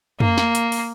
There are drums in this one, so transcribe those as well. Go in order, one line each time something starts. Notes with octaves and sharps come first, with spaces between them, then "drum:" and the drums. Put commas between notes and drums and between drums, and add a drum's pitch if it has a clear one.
A#3, drum: tom
drum: snare
drum: hi-hat
drum: open hi-hat